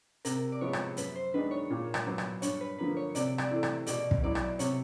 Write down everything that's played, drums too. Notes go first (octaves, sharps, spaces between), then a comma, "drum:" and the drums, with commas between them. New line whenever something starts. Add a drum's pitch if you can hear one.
C3 A#4, drum: hi-hat
D5
F3 G#3 B3 C#5
drum: rim click
F#2 B4, drum: hi-hat
C5
D#3 G#3 B3 D4 B4
C#5
A#2
drum: rim click
F#3 B3
drum: rim click
G2 C#5, drum: hi-hat
B4
D3 F3 A#3 B4
C#5
C3 D5, drum: hi-hat
D5, drum: rim click
E3 A3
drum: rim click
B2 D5, drum: hi-hat
drum: kick
F#3 B3 E4 D5
drum: rim click
C3 C#5, drum: hi-hat